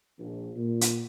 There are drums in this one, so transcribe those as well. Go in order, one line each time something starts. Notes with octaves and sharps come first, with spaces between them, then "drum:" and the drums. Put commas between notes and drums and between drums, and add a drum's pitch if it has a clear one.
A#1
A#2
drum: hi-hat